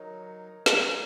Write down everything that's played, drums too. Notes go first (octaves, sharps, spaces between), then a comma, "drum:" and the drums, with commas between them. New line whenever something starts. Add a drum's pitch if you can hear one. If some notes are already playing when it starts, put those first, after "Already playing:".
Already playing: F#3 D#4 A#4 C#5 D#5
A#2 A#3 D#4 C#5 F#5, drum: snare